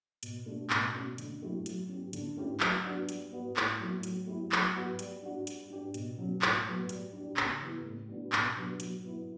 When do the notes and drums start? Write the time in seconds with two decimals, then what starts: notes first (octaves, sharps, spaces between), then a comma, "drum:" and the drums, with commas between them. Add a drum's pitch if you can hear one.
0.23 B2, drum: hi-hat
0.46 A3 D4 G4
0.70 B2, drum: clap
0.95 A3 C#4 F#4
1.18 D3, drum: hi-hat
1.42 F#3 A3 E4 G4
1.66 F#3, drum: hi-hat
1.89 C#4 G4
2.13 D3, drum: hi-hat
2.37 A3 C#4 E4 G4
2.60 F#3, drum: clap
2.84 B3 D4 F#4
3.09 G3, drum: hi-hat
3.32 B3 F#4
3.56 A2, drum: clap
3.80 F#3 A3
4.03 F#3, drum: hi-hat
4.27 A3 E4 G4
4.52 F#3, drum: clap
4.76 B3 F#4
4.99 G3, drum: hi-hat
5.22 D4 F#4
5.47 G3, drum: hi-hat
5.70 D4 G4
5.94 B2, drum: hi-hat
6.18 F#3 C#4 G4
6.42 A2, drum: clap
6.65 F#3 B3
6.89 G3, drum: hi-hat
7.13 D4 G4
7.37 C#3, drum: clap
7.61 E3 B3 E4 G4
7.85 A2
8.08 G3 B3 D4 F#4
8.32 B2, drum: clap
8.56 F#3 B3 D4 G4
8.80 F#3, drum: hi-hat
9.04 B3 E4